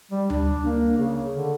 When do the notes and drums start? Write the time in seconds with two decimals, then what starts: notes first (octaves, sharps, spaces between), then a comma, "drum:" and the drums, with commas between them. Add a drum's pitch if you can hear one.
0.11 G3
0.30 D4, drum: tom D2
0.65 A#3
0.98 C#3
1.34 D3